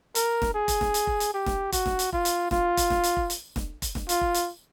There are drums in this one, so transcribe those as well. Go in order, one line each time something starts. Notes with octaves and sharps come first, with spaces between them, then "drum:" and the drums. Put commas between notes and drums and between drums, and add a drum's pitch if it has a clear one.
A#4, drum: hi-hat
drum: snare E1
G#4
drum: kick F1, hi-hat
drum: snare E1
drum: hi-hat
drum: kick F1
drum: hi-hat
G4
drum: snare E1
F#4, drum: kick F1, hi-hat
drum: snare E1
drum: hi-hat
F4, drum: kick F1
drum: hi-hat
F4, drum: snare E1
drum: kick F1, hi-hat
drum: snare E1
drum: hi-hat
drum: kick F1
drum: hi-hat
drum: snare E1
drum: kick F1, hi-hat
drum: snare E1
F4, drum: hi-hat
drum: kick F1
drum: hi-hat